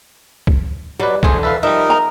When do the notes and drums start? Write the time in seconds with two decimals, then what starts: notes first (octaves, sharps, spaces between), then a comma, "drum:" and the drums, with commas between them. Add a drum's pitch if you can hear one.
0.47 drum: kick
1.00 F#3 G3 B4 D5
1.23 B2 D3 E3 A3 G#4 C5, drum: kick
1.43 A4 B4 E5 F5
1.63 F3 G3 D#4 A#4 D#5 E5
1.90 A#5